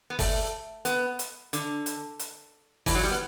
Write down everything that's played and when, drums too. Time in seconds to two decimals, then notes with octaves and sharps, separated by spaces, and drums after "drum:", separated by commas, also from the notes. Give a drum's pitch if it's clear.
0.10 B3
0.19 A3, drum: kick G1, open hi-hat
0.85 B3, drum: hi-hat
1.19 drum: hi-hat
1.53 D3, drum: hi-hat
1.86 drum: hi-hat
2.19 drum: hi-hat
2.86 E3, drum: kick G1, open hi-hat
2.95 F#3
3.04 G3
3.11 B3